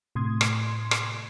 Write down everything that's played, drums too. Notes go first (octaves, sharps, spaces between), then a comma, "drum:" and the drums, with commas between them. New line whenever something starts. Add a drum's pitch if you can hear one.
A2 C3 C6 D#6 G#6
drum: rim click
drum: rim click